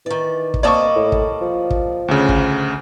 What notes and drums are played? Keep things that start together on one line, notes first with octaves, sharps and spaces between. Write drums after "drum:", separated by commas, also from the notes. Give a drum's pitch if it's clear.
D#3 E3 D5
drum: kick
G3 A#3 C4 D5 D#5 A5 C#6
A2
drum: kick
F3
drum: kick
D2 C#3
drum: kick